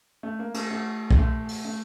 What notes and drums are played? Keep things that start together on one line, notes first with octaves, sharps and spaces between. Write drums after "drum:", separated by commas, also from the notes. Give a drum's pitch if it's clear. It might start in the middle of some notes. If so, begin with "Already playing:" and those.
A3
A#3
A3, drum: cymbal
A3
G#3, drum: kick
A3
drum: open hi-hat
A3